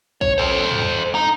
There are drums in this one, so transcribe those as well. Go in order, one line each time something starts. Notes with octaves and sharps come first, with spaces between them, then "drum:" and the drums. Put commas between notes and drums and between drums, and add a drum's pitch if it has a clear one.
C#5, drum: kick A#1
A4 C5
drum: tom
D#4